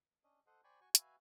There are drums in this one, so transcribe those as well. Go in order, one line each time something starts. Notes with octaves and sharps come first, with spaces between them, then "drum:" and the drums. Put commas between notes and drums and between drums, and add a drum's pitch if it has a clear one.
C#4 D4 D#5
A4 C5 D#5 F#5
C5 D5 G5 G#5 B5 C#6
F#4 G#5 C#6
F#4 B4 E5 F5 G#5, drum: hi-hat